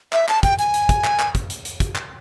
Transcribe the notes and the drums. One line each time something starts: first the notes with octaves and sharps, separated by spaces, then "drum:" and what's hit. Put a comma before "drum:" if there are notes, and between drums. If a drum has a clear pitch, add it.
E5, drum: clap
A5, drum: clap
G5, drum: kick, hi-hat
G#5, drum: hi-hat
drum: hi-hat
drum: kick, hi-hat
drum: clap
drum: clap
drum: kick, hi-hat
drum: hi-hat
drum: hi-hat
drum: kick, hi-hat
drum: clap